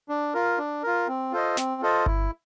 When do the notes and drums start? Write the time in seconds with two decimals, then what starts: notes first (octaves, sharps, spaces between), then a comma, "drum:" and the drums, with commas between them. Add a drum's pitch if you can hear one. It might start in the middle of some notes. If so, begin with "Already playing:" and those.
0.09 D4
0.34 F4 A#4
0.58 D4
0.83 F4 A#4
1.08 C4
1.32 F4 A4 C5 D#5
1.57 C4, drum: snare
1.82 F4 A4 C5 D#5
2.06 E4, drum: kick G1